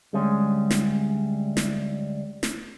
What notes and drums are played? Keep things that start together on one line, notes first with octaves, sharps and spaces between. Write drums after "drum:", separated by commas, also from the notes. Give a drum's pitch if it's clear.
D2 G3 G#3 C#4
drum: snare
drum: snare
drum: snare